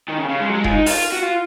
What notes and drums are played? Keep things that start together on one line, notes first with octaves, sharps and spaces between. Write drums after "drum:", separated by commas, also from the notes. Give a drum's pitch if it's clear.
D#3
C#3
C#3
G#3
F#3
G#3
F4, drum: kick E1
D#4
F4, drum: open hi-hat
F#4
F4